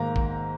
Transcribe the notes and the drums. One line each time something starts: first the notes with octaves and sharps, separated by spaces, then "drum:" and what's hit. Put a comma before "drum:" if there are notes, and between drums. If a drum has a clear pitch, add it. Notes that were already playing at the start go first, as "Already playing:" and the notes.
Already playing: G#2 D#3 A#3 A#5
drum: kick